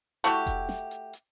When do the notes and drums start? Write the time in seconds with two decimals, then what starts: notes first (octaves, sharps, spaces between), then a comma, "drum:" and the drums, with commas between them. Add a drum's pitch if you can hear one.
0.24 A3 E4 F#4 G4
0.46 drum: kick F1, hi-hat
0.69 drum: snare
0.91 drum: hi-hat
1.13 drum: hi-hat